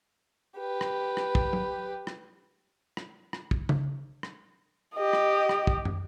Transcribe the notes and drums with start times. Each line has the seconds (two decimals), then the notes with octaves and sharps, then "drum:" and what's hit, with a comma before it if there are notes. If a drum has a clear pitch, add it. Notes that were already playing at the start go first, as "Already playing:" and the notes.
0.59 G4 B4
0.81 drum: rim click
1.17 drum: rim click
1.35 drum: kick
1.53 drum: tom
2.07 drum: rim click
2.97 drum: rim click
3.33 drum: rim click
3.51 drum: kick
3.69 drum: tom
4.23 drum: rim click
4.95 G4 D#5
5.13 drum: rim click
5.49 drum: rim click
5.67 drum: kick
5.85 drum: tom